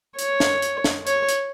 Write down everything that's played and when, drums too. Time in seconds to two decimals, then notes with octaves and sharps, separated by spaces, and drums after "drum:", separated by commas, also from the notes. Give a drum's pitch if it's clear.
0.19 C#5, drum: hi-hat
0.40 drum: snare
0.62 drum: hi-hat
0.84 drum: snare
1.07 C#5, drum: hi-hat
1.29 drum: hi-hat